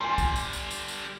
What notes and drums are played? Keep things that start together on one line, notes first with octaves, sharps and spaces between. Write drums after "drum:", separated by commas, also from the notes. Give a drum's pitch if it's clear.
D3 G3 G#5 C6
drum: kick, tambourine
drum: tambourine
drum: tambourine
drum: tambourine
drum: tambourine